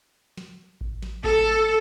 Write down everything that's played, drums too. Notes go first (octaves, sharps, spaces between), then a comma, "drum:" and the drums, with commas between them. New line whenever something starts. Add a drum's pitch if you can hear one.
drum: snare
drum: kick A1
drum: snare
A4, drum: kick A1